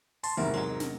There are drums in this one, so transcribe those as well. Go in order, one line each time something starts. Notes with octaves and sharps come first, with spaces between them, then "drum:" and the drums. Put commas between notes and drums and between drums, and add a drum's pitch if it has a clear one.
A5 C6, drum: open hi-hat
E2 G#2 C3 F#3 E4 A#4
F#3 G#3 C6
drum: snare